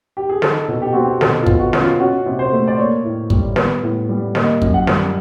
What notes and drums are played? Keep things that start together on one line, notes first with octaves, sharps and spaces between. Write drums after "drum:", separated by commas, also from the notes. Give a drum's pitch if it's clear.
G4
G#4
D#4 A4, drum: snare
B2
G4
C4 F#4
G4
B2 A4, drum: snare
F4
B2, drum: kick
F#4
C#4, drum: snare
F4
C#4 F#4
C3
C5
A3
D5
A#3 C#5
A2
G3, drum: kick
B3, drum: snare
A2
G3
A#3 D#5, drum: snare
F#2, drum: kick
F#5
G3, drum: snare